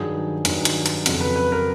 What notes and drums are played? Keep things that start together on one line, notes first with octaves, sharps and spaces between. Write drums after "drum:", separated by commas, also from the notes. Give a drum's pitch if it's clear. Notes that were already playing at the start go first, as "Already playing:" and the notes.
Already playing: G2 D#3 F#3 G#4
G2 D#3 F#3, drum: hi-hat
drum: hi-hat
drum: hi-hat
F2 C#3 F#3, drum: hi-hat
B4
B4
A#4